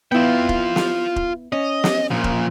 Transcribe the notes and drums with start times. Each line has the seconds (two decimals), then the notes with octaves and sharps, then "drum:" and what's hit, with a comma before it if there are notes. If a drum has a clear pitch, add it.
0.12 B3 E4 F4 G5
0.49 drum: kick
0.76 drum: snare
1.16 drum: kick
1.52 C#4 D#5
1.84 drum: snare
2.11 A#2 F3
2.24 drum: kick